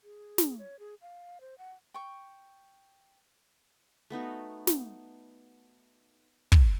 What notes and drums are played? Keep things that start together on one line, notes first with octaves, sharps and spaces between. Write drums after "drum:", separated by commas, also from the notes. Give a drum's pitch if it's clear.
G#4
drum: snare
C#5
G#4
F5
C5
F#5
G5 C#6
A3 B3 D#4 F#4
drum: snare
drum: kick